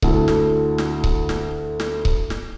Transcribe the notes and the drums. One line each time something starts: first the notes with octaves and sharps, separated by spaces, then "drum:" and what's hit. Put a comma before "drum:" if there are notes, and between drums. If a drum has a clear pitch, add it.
D2 E4 A4, drum: kick C#1
drum: snare
drum: snare
drum: kick C#1
drum: snare
drum: snare
drum: kick C#1
drum: snare